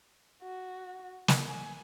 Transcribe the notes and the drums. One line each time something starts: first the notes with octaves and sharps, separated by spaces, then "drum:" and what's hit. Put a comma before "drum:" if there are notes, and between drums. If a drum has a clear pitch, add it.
F#4
drum: snare
G#5